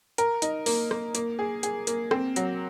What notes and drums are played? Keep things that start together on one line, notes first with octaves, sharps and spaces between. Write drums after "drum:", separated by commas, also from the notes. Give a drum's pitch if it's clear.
A#4, drum: hi-hat
D#4, drum: hi-hat
A#3, drum: open hi-hat
A#3, drum: rim click
A#3, drum: hi-hat
G#4
G#4, drum: hi-hat
A#3, drum: hi-hat
C4, drum: rim click
F#3, drum: hi-hat